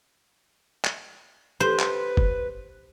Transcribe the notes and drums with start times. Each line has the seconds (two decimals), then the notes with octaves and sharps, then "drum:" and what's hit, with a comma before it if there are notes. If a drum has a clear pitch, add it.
0.85 drum: clap
1.60 G4 B4 C5
1.79 drum: clap
2.17 drum: kick